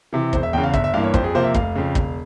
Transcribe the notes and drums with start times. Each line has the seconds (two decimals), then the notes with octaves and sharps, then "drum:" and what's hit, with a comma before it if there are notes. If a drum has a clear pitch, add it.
0.13 C3 E3
0.33 E1 C5, drum: kick
0.43 E5
0.53 E2 C#3 G5
0.64 F5
0.74 G1 E5, drum: kick
0.84 E5
0.94 G2 E3 A#3 F5
1.04 C#5
1.14 F2 C5, drum: kick
1.24 G#4
1.34 C3 F3 A#3 C5
1.44 E5
1.54 F1 F5, drum: kick
1.75 F2 C#3
1.95 E1, drum: kick